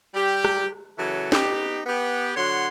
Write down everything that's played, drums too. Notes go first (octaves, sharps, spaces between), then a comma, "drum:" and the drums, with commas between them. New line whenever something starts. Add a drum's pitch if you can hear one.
G3 G4
drum: rim click
C#3 E3 F#3 A4
B3 D#4 G4, drum: snare
B3 G4
D3 F#3 C#5 F#5 C6